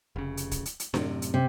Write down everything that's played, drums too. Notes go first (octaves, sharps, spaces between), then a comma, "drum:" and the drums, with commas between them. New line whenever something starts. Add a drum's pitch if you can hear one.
F1 C#3
drum: hi-hat
drum: kick, hi-hat
drum: hi-hat
drum: hi-hat
F#2 A2 C3, drum: snare D4
drum: hi-hat
C3